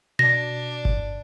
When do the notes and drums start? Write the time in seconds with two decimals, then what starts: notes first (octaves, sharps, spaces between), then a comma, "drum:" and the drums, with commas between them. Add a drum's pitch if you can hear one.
0.19 B2 D4 A#6
0.85 drum: kick G1